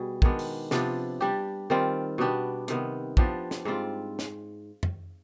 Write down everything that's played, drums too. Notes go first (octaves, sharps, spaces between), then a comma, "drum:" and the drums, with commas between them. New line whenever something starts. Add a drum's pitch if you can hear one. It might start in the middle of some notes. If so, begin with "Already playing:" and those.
Already playing: B2 G3 G#4
D#3 G#3 B3 D4, drum: kick
drum: open hi-hat
C3 F3 B3 D4, drum: snare
G3 D4 G4
D#3 G3 C4 F4
B2 B3 D4 G4
C3 D#3 B3, drum: hi-hat
F3 B3 D4 G4, drum: kick
drum: snare
G#2 G3 C4 F4
drum: snare
drum: tom F2